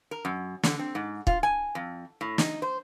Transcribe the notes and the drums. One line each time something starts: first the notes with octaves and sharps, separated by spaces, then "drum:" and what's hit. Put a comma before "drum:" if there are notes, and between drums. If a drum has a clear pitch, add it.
A#4
F#2
D3, drum: snare
C4
G#2
F4, drum: kick
G#5
F2
A2
D#4, drum: snare
C5